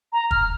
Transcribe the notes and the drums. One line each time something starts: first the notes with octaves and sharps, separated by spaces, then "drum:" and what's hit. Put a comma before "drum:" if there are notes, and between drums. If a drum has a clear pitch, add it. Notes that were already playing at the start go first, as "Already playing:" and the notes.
A#5
F6, drum: kick